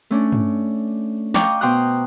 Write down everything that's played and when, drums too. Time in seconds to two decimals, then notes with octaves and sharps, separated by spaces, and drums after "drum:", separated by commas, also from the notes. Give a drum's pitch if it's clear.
0.11 A3 C#4 D4
0.32 drum: tom
1.34 D#5 F5 G5 A#5 C#6 D6, drum: snare
1.61 B2 C5 G5 A#5 D#6 F#6